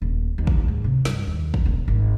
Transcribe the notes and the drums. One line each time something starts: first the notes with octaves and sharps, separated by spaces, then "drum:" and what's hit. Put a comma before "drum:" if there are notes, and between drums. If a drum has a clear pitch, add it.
D#1
D#2
drum: kick
G#2
C3
G2, drum: snare
D#2
drum: kick
D#1
G#1